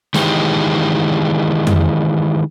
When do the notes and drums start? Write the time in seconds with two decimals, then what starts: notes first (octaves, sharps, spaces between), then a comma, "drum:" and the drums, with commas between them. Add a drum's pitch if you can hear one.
0.14 D#3 E3 G#3 G4, drum: snare
1.67 drum: tom F2